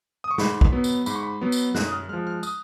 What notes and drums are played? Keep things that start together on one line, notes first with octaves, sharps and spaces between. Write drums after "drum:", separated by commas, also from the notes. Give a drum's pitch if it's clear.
D#6
C#6
G#2 B5, drum: snare
drum: kick
F#3 B3
drum: tambourine
G#2 B5, drum: tambourine
C#6
B5
F#3 B3
drum: tambourine
F#2 F#6, drum: snare
D#6
F6
F3 G#3 F6
F6
D#6, drum: tambourine